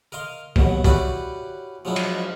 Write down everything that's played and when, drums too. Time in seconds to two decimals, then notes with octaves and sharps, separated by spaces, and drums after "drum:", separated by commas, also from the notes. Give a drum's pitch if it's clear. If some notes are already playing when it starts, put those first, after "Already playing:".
0.12 A#4 D#5 F5 C6
0.56 D#2 G#2 B2 F#3, drum: kick
0.84 C#4 E4 F#4 G4 B4 D5, drum: kick
1.85 F3 F#3 G#3 D4 E4
1.96 drum: cymbal